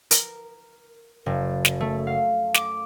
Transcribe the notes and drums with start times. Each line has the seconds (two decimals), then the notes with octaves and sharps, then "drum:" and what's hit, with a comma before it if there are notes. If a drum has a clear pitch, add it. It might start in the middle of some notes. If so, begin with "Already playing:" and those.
0.11 A#4, drum: hi-hat
1.26 F#1
1.65 drum: snare
1.80 A3
2.07 F5
2.54 D6, drum: snare